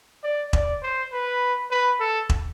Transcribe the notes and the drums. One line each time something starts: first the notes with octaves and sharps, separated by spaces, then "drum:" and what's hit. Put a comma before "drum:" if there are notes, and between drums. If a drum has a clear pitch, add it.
D5
D5, drum: kick E1
C5
B4
B4
A4
drum: kick E1